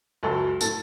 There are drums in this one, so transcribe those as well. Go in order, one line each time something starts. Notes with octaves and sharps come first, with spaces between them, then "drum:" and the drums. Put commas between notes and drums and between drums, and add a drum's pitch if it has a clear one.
C#2 F#2 F#3 A4
A2 A4 A6, drum: tambourine